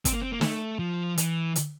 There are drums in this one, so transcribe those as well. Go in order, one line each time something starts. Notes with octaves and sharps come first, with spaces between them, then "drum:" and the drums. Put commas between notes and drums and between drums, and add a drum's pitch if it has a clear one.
C4, drum: kick, hi-hat
A#3
C4
A#3
A3, drum: snare
F3
E3, drum: hi-hat
drum: hi-hat